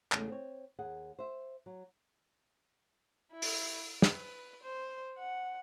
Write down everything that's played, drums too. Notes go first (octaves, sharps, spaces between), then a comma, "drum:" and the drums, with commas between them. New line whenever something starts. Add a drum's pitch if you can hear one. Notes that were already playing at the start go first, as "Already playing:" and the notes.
E2 C#3 G#3 A3, drum: clap
C4 C#5
D#2 G#4 F#5
C5 E5
F#3
E4
drum: open hi-hat
B4, drum: snare
C5
F#5